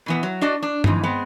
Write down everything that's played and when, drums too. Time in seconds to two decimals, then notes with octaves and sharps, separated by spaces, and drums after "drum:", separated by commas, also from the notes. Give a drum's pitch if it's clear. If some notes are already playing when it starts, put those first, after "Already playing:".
0.06 B2 E3 B3
0.23 F#3
0.41 D4 F#4 D5 D#5 A5
0.63 D4
0.84 F2 E3 D#4, drum: tom G2
1.03 G#3 B3 C4